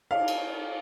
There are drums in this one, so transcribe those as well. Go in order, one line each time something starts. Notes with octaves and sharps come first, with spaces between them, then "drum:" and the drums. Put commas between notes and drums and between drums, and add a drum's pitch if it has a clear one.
F5, drum: cymbal
drum: cymbal